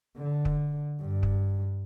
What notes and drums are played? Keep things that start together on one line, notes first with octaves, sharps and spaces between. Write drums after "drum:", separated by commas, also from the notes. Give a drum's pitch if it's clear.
D3
drum: kick
G2
drum: kick